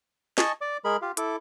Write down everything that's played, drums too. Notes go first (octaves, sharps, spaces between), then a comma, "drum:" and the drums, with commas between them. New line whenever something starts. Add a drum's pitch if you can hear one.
D#5 G#5 A5 C#6, drum: snare
D5 D6
G#3 G#4 A#4 B5
F4 G4 F5
E4 A4 D6, drum: hi-hat